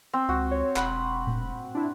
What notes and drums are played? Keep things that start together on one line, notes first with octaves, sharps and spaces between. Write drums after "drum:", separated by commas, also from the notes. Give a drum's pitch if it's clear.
C4
C#2 F#4
C#5
E1 F#5 B5, drum: clap
drum: tom A#2
D4 E4